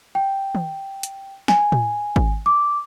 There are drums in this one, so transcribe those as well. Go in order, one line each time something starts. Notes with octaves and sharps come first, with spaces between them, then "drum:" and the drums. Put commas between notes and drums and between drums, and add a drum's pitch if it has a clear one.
G5
drum: tom D#3
drum: hi-hat
G#5, drum: snare
drum: tom A2
drum: kick G#1
D6